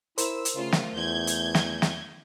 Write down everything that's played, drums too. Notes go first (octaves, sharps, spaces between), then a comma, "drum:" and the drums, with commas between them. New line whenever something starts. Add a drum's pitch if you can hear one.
E4 A#4 C5 C6 E6, drum: hi-hat
drum: hi-hat
C#3 A3 F4
drum: snare
E2 G6 G#6
drum: hi-hat
drum: snare
drum: snare